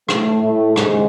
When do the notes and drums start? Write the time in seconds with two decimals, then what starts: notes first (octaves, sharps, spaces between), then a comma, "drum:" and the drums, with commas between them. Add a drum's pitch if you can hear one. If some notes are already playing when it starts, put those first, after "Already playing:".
0.09 A2 A3, drum: rim click
0.43 A2 A3
0.76 D#2 G#2 C#3 G#3, drum: rim click